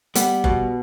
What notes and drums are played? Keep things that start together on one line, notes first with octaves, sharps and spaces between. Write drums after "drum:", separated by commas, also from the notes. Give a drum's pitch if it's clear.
G3 B3, drum: hi-hat
B2, drum: kick F#1